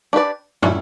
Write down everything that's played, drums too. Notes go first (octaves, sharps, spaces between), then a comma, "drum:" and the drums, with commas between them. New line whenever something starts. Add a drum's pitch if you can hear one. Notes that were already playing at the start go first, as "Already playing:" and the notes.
D4 G4 B4 D5
G3 C#4 E4, drum: tom